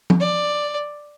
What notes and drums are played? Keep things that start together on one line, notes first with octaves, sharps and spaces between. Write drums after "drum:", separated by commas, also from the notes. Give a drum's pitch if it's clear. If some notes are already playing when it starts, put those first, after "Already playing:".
drum: tom
D5